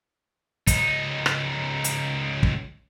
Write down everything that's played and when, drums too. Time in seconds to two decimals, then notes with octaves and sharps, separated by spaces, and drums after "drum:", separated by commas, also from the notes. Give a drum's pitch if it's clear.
0.67 C#2 D#4, drum: kick, hi-hat
1.26 drum: rim click
1.84 drum: hi-hat
2.43 drum: kick